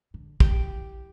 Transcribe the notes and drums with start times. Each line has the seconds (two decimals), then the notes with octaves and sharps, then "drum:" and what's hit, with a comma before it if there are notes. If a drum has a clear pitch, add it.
0.14 D3
0.40 E3 G4, drum: kick